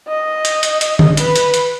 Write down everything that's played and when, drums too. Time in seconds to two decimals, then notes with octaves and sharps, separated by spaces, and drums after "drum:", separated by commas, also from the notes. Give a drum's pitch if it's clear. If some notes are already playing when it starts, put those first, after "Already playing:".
0.08 D#5
0.45 drum: hi-hat
0.63 drum: hi-hat
0.81 drum: hi-hat
0.99 drum: tom
1.17 B4, drum: hi-hat
1.36 drum: hi-hat
1.54 drum: hi-hat